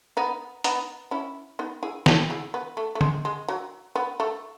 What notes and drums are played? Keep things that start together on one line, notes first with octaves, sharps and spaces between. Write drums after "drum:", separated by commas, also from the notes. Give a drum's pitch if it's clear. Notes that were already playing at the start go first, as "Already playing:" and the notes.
B3 D#4
B3 D#4, drum: hi-hat
C#4 E4
B3 D#4
E4 G#4
F#4 A4, drum: snare
E4 G#4
B3
A3
A3
G#3, drum: tom
G#3
F#3
B3
A3